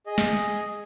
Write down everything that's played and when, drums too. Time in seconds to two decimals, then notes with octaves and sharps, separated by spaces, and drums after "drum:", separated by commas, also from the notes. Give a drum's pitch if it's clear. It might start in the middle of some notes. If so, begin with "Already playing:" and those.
0.06 G#4 D#5
0.18 drum: snare